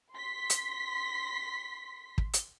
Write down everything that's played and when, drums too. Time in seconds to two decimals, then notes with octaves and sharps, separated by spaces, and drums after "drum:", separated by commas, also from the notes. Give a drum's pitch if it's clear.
0.16 C6 B6
0.50 drum: hi-hat
2.18 drum: kick
2.33 drum: hi-hat